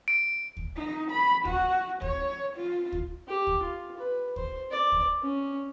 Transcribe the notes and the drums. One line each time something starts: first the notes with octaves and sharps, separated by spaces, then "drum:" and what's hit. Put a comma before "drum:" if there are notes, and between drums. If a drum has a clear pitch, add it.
D7
drum: kick D2
D#4
B5
F#4, drum: kick D2
C#5, drum: kick D2
F4
drum: kick D2
G4
drum: kick D2
F4
B4
C5, drum: kick D2
D5
drum: kick D2
C#4